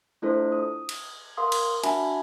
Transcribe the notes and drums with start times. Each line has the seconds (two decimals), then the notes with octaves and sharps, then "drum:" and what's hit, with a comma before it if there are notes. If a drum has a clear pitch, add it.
0.22 A3 D4 E4 F4 A4 C5
0.52 D#6
0.89 drum: cymbal
1.37 A#4 F5 C6 D#6
1.52 drum: cymbal
1.84 D4 F#4 E5 G#5 A5 B5, drum: cymbal